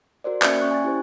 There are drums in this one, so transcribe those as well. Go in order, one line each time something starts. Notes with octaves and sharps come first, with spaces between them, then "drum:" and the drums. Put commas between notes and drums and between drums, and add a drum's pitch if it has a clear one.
F#4 A#4 C5 D5
A#3 C#4 D5 E5 C#7, drum: clap
C#4 C#6 F#6
G#5 A6
E4 G4 C5